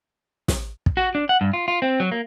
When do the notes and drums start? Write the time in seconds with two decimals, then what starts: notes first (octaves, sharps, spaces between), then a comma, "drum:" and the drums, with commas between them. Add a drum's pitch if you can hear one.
0.48 drum: snare
0.86 drum: kick
0.97 F#4
1.15 D4
1.29 F#5
1.41 G2
1.53 F4
1.68 F4
1.82 C4
2.00 F#3
2.12 A#3